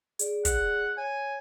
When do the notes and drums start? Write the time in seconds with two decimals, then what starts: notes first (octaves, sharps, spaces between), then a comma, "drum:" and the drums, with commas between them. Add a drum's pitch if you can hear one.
0.19 G#4 D5, drum: hi-hat
0.45 F#5, drum: kick, hi-hat
0.97 C#5 G#5